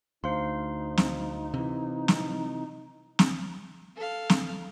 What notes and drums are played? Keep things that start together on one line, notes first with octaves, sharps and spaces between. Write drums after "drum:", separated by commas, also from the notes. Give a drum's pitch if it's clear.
D2 D#4 C5 F5 C6
drum: snare
C3 E3
drum: snare
drum: snare
A4 F5
drum: snare